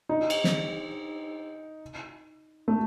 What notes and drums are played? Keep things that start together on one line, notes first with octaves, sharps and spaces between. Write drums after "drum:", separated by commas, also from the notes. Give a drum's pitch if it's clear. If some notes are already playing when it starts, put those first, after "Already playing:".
D#4
drum: cymbal
drum: snare
A3